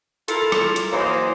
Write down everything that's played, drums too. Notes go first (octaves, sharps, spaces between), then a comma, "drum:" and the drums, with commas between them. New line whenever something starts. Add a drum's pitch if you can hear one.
E4 F4 A4 A#4, drum: hi-hat
drum: rim click
drum: hi-hat
E3 F#3 A#3 C5 D#5